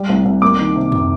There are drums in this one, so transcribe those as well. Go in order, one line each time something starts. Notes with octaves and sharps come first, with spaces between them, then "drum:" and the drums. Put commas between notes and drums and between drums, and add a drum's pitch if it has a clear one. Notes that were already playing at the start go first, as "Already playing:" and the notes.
Already playing: G3
C2
C2
A#3 D6
D#3
C3
drum: tom F2